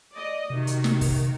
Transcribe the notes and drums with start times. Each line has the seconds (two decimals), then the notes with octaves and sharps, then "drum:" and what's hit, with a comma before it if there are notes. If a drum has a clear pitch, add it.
0.14 D5 D#5
0.50 C3 D#3 F#4
0.67 drum: hi-hat
0.84 drum: snare
1.01 drum: kick, open hi-hat